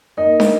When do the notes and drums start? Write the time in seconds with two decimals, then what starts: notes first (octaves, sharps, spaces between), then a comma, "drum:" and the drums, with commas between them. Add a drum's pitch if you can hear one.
0.17 A#3 D#4 A#4 D#5
0.40 drum: snare